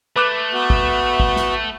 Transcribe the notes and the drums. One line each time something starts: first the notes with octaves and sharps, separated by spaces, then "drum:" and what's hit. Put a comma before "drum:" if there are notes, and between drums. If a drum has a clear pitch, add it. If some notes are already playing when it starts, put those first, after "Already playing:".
A3 B4 D6 F#6
B3 F#4
drum: kick
drum: kick
drum: snare